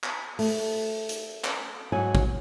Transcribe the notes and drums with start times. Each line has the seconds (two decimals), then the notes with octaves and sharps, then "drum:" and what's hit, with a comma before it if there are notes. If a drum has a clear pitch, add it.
0.04 drum: clap
0.39 A3, drum: open hi-hat
1.09 drum: hi-hat
1.44 drum: clap
1.92 G#2 F#3 F#5 G#5
2.15 drum: kick